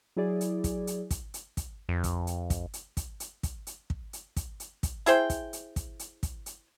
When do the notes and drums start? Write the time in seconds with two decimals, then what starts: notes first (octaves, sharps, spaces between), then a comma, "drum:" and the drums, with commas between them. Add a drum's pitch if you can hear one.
0.16 F#3 E4 G#4 D5
0.41 drum: hi-hat
0.64 drum: kick, hi-hat
0.87 drum: hi-hat
1.11 drum: kick, hi-hat
1.34 drum: hi-hat
1.57 drum: kick, hi-hat
1.89 F2
2.04 drum: kick, hi-hat
2.27 drum: hi-hat
2.50 drum: kick, hi-hat
2.73 drum: hi-hat
2.97 drum: kick, hi-hat
3.20 drum: hi-hat
3.43 drum: kick, hi-hat
3.67 drum: hi-hat
3.90 drum: kick
4.13 drum: hi-hat
4.36 drum: kick, hi-hat
4.60 drum: hi-hat
4.83 drum: kick, hi-hat
5.06 E4 G#4 C5 G5, drum: hi-hat
5.30 drum: kick, hi-hat
5.53 drum: hi-hat
5.76 drum: kick, hi-hat
5.99 drum: hi-hat
6.23 drum: kick, hi-hat
6.46 drum: hi-hat